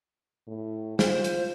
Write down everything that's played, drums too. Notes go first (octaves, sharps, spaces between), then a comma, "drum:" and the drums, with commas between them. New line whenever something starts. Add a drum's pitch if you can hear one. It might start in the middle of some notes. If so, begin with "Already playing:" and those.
A2
F4 C5, drum: snare
drum: hi-hat